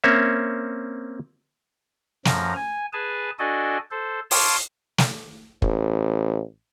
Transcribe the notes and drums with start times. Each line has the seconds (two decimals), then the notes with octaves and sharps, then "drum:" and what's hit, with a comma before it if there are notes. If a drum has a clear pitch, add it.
0.04 A#3 C4 C#4 C#5 E5
2.25 F#2 F3 A#5, drum: snare
2.56 G#5
2.93 G#4 B4 G#5 A5
3.39 D4 F#4 A4 D5 D#5 G#5
3.91 A4 C5
4.31 C#5 F5 A5 C6 D6 D#6, drum: open hi-hat
4.98 drum: snare
5.62 A1, drum: kick